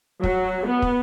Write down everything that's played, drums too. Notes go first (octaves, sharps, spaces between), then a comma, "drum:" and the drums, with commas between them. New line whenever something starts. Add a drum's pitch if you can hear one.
F#3, drum: kick
B3
drum: kick